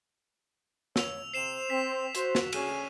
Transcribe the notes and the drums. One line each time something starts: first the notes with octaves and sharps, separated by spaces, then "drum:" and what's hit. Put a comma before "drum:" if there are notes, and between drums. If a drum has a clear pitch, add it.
C#5 E6 F7, drum: snare
C3 C5 C7 E7 F7
C4 B6
F#4 C5, drum: hi-hat
drum: snare
D2 C#4 G#4 D#7, drum: cymbal